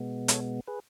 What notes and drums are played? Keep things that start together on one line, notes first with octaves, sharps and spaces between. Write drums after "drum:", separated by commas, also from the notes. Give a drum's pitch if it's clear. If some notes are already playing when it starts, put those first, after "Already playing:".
Already playing: B2 G#3 B3
A4 C#5, drum: hi-hat
G#4 B4